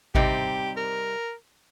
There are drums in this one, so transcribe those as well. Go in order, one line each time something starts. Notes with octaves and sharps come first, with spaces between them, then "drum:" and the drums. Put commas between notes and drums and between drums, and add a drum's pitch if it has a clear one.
C3 G3 C4 D#4 G4, drum: kick G#1
A#4